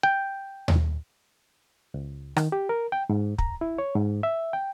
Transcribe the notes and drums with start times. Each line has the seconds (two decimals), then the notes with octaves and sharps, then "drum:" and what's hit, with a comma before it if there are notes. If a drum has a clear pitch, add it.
0.03 G5
0.68 drum: tom D#2
1.94 C#2
2.36 D#3, drum: rim click
2.52 G4
2.69 A#4
2.92 G5
3.09 G#2
3.38 A#5, drum: kick
3.61 E4
3.78 C#5
3.95 G#2
4.23 E5
4.53 G5